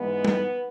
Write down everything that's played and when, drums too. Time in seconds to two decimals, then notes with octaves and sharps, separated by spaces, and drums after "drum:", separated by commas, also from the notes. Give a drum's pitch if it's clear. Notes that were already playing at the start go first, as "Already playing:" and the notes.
Already playing: G#2 E3 G#3 B3
0.25 drum: tom